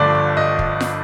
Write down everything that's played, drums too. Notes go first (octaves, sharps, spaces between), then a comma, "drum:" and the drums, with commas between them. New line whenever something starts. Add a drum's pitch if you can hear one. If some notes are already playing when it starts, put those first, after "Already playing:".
Already playing: G1 G2 D3 F3 A3 D5
D#5
drum: kick
drum: snare F4